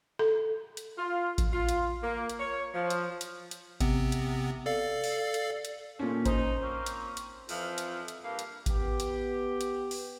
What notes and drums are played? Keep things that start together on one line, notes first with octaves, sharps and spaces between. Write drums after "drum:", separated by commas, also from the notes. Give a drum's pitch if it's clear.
A4
drum: hi-hat
F4
drum: kick A1, hi-hat
F4
drum: hi-hat
A#3
drum: hi-hat
C#5
F3
drum: hi-hat
drum: hi-hat
drum: hi-hat
C3 B3 C4, drum: kick A1, hi-hat
drum: hi-hat
A4 D5 F5
drum: open hi-hat
drum: hi-hat
drum: hi-hat
A#2 F3 G3 A3 C#4
D#4 C5, drum: kick A1, hi-hat
A#3 C4 C#4
drum: hi-hat
drum: hi-hat
F2 E3 F3, drum: open hi-hat
drum: hi-hat
drum: hi-hat
G2 A#3 F5
drum: hi-hat
B3 G4, drum: kick A1, hi-hat
drum: hi-hat
drum: hi-hat
drum: open hi-hat